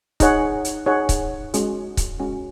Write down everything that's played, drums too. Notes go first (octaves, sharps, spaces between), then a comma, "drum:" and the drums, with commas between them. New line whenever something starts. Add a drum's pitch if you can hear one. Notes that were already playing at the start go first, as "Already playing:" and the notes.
D#4 G#4 C#5 F#5, drum: kick C#1, hi-hat
drum: hi-hat
D#4 G#4 C#5 F#5
drum: kick C#1, hi-hat
G#3 C#4 F#4, drum: hi-hat
drum: kick C#1, hi-hat
G#3 C#4 F#4